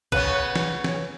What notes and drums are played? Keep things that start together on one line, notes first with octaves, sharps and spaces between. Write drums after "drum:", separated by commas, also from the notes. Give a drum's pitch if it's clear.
C#3 B3 C#4 B4, drum: kick
drum: snare
drum: snare